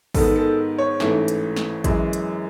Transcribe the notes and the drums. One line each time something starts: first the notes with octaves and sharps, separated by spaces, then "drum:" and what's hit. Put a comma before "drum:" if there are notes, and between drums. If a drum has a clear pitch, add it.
G#2 D#3 G#3 B3 A4, drum: kick A1, open hi-hat
A4
C#5
A1 G#2 E3 A3, drum: snare
drum: hi-hat
drum: snare
F#2 E3 G#3, drum: kick A1, hi-hat
drum: hi-hat